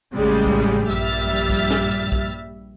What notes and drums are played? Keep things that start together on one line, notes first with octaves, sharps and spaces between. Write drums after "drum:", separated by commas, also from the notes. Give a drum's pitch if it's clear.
A1 C#3 G3 G#3
drum: kick B1
A#1 G2 G3 E5 F6 A6
drum: kick B1
drum: snare
drum: kick B1